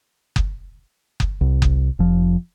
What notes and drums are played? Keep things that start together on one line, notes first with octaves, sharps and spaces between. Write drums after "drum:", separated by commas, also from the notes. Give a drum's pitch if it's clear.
drum: kick F#1
drum: kick F#1
C2
drum: kick F#1
F1 F3